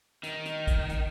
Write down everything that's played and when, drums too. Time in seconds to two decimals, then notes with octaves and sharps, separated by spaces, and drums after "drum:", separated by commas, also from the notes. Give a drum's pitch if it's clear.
0.23 D#3, drum: hi-hat
0.45 drum: hi-hat
0.67 drum: kick, hi-hat
0.89 drum: hi-hat